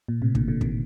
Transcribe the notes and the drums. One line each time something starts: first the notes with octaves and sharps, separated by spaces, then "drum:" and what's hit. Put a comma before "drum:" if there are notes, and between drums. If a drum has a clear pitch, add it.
A#2
A2 C3
A#2 D3, drum: kick
A#2 D3
C3 D#3, drum: kick